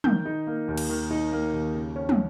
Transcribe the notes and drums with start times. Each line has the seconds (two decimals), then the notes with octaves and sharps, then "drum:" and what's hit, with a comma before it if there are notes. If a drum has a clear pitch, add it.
0.04 D#3 G6, drum: tom
0.25 D#4
0.47 A#3
0.68 D#2
0.77 drum: cymbal
0.89 D#3
1.11 D#4
1.32 A#3
1.53 D#2
1.74 C#3
1.96 C#4
2.09 drum: tom